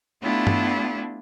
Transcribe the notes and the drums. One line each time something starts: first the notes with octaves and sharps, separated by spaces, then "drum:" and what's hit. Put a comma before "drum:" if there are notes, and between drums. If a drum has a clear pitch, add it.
A3 B3 D4 E4 F4 G4
drum: tom G2